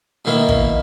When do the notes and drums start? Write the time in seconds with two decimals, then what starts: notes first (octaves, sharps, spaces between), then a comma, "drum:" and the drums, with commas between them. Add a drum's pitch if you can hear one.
0.25 B2 D#3 A#3 E4
0.49 drum: kick